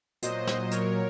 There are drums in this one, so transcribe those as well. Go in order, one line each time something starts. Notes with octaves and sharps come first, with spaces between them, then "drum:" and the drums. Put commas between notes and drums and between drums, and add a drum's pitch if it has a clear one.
A#2 F#3 C5 D#5, drum: hi-hat
drum: snare
A#4 C#5, drum: hi-hat